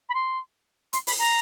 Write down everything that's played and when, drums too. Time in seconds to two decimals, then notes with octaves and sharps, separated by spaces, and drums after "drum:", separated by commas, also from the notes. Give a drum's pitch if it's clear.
0.09 B5
0.14 C6
0.93 C6, drum: hi-hat
1.07 B5, drum: open hi-hat
1.19 A#5